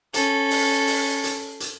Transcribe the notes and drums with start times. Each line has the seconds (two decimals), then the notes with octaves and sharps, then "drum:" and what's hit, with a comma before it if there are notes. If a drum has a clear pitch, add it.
0.14 C#4 A4, drum: hi-hat
0.51 drum: open hi-hat
0.87 drum: open hi-hat
1.24 drum: hi-hat
1.60 drum: hi-hat